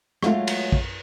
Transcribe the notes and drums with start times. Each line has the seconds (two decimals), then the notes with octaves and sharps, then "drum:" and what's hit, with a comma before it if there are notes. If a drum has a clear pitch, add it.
0.23 F#3 G#3 A3 F4, drum: rim click
0.47 drum: cymbal
0.72 drum: kick